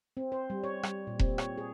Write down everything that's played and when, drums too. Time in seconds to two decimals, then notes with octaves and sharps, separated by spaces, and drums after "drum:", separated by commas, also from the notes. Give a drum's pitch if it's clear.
0.17 C4
0.32 C5
0.50 G3
0.64 C#5
0.83 G3, drum: rim click
1.07 A#2
1.19 C4, drum: kick E1
1.38 C#5, drum: rim click
1.58 G#4